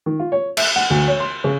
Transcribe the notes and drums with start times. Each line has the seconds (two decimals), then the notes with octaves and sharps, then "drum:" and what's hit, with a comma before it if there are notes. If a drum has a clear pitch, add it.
0.06 D#3
0.20 F4
0.32 C#5
0.57 E5, drum: cymbal
0.76 F#5
0.90 D2
1.08 C#5
1.20 C6
1.44 C#3